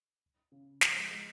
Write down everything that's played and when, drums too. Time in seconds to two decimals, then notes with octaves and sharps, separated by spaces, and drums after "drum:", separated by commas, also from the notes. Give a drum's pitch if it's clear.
0.52 C#3
0.81 F3, drum: snare
0.96 G#3
1.11 G#3